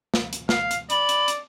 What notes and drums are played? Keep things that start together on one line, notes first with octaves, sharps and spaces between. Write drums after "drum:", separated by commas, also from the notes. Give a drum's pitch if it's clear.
drum: snare
drum: hi-hat
F5, drum: snare
drum: hi-hat
D5 B5, drum: hi-hat
drum: hi-hat
drum: hi-hat